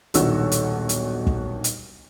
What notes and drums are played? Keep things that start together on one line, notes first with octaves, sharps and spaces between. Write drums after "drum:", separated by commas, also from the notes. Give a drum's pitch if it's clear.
D#1 B1 D#3 D4 F#4 E6, drum: hi-hat
drum: hi-hat
drum: hi-hat
drum: kick
drum: hi-hat